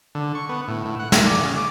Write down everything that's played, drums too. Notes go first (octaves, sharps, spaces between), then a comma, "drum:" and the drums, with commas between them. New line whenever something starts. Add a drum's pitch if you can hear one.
D3
C#6
B3
A2
A2
F#5
A#3, drum: snare
D5
C#3
D6